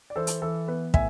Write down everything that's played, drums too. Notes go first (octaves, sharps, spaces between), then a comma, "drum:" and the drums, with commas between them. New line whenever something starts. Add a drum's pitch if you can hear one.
D5
E3 A4 C5
drum: hi-hat
E3 A4
B3 B4
A2 E5 G#5, drum: kick